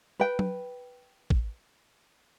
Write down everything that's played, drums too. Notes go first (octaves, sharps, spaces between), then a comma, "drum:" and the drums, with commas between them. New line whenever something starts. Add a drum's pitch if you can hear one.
B4 G5
drum: tom F#3
drum: kick